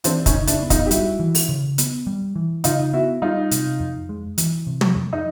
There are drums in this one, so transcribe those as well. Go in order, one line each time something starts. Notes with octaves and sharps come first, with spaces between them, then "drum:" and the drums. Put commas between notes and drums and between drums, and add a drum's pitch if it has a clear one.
E3 C4 D4, drum: hi-hat
C#4 D#4, drum: kick, hi-hat
C#3
D4 E4, drum: hi-hat
B3
D#4 F4, drum: kick, hi-hat
G4
G3 E4 F#4, drum: hi-hat
E3
drum: open hi-hat
C#3
B3, drum: hi-hat
G3
E3
C#3 D#4 F4, drum: hi-hat
B3 E4 F#4
G3 D#4 F4
C3, drum: hi-hat
F2
G#3
E3, drum: hi-hat
C3
drum: tom
F2
D#4